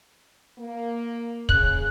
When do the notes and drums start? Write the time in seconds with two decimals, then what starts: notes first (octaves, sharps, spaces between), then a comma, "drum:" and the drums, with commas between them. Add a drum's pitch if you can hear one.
0.58 A#3
1.49 C#3 F#6, drum: kick